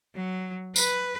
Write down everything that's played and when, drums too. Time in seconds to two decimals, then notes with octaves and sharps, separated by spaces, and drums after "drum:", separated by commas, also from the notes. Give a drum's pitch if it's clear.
0.15 F#3
0.76 B4, drum: tambourine